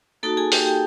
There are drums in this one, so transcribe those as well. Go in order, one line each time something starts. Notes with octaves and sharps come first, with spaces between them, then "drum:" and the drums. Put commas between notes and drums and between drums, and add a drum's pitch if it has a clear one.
A#3 D#4 F#4 A4 A5
G#4 G#5
G4 G5, drum: open hi-hat
G4 G5